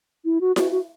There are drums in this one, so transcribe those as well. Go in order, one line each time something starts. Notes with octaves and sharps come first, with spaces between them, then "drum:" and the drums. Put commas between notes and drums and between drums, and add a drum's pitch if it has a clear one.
E4
F#4
F#4, drum: snare E4
F#4